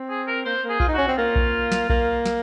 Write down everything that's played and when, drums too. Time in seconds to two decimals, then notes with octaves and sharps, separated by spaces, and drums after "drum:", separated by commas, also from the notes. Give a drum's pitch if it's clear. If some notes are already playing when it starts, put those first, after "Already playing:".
Already playing: C4
0.10 G#4
0.27 A#4
0.45 A#3 C5
0.64 A#3
0.69 G#4
0.80 F4, drum: kick B1
0.88 D#4
0.94 C#4 F#4
1.08 C4
1.18 A#3 F4
1.36 drum: kick B1
1.72 drum: snare
1.90 A#3, drum: kick B1
2.26 drum: snare